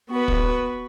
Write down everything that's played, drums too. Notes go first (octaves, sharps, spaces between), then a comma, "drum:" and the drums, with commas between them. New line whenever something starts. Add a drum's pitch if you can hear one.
B3 F#4 B4
drum: kick